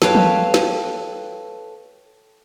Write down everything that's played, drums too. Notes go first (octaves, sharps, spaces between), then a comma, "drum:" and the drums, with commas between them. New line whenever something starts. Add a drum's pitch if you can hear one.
A4 B4 C#5 F5 G5 A5, drum: snare
drum: tom E3
drum: snare